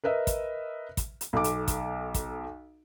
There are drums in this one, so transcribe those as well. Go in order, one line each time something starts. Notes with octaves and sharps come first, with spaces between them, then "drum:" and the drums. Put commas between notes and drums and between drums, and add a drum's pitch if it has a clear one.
A#4 B4 D#5 E5
drum: kick, hi-hat
drum: kick, hi-hat
drum: hi-hat
B1 A4 D6
drum: hi-hat
drum: kick, hi-hat
drum: kick, hi-hat